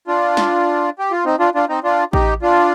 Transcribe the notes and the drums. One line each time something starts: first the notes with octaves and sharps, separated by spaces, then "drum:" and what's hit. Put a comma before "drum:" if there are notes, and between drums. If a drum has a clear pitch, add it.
D4 F4
drum: snare
G4
F4
C4 D#4
D4 F4
D4 F4
C4 D#4
D4 F4
D#4 G4, drum: kick A1
D4 F4